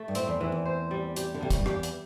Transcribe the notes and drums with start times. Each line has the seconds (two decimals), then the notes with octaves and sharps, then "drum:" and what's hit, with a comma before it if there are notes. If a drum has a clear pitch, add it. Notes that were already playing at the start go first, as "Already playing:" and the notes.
Already playing: A3
0.08 G2
0.15 A2 C4, drum: hi-hat
0.27 E2
0.40 E2 E3
0.52 E2
0.65 C5
0.91 G3
1.16 G4, drum: hi-hat
1.34 D3
1.41 C3 G3
1.50 A2, drum: kick, hi-hat
1.59 G2
1.66 E2 G4, drum: rim click
1.83 drum: hi-hat